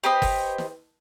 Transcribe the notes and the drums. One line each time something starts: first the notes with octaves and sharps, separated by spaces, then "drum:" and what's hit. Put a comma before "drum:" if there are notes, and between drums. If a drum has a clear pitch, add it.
G4 B4 C5 D#5
drum: kick, open hi-hat
drum: snare